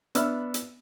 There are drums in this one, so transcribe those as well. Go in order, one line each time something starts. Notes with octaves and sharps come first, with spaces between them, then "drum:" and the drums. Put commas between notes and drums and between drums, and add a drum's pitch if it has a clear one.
B3 D4 E5 B5 E6 F6, drum: hi-hat
drum: hi-hat